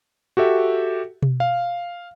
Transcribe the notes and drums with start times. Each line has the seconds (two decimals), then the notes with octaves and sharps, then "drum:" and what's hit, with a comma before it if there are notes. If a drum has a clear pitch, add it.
0.37 F#4 G4 A4 E5
1.22 drum: tom B2
1.40 F5